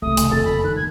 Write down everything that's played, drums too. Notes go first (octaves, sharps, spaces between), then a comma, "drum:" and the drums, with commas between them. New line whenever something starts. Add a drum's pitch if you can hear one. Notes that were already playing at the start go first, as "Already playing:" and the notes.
C2 C3 A3 D#6
C3 D#3, drum: hi-hat
F#1 F2 A4 A6
D#2 B5
D#3 G3 F#6
D#2 G#6